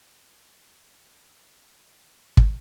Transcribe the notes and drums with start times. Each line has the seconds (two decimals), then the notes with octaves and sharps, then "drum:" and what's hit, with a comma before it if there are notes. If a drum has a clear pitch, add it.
0.01 G5
0.56 B1 F2 A2
2.37 drum: kick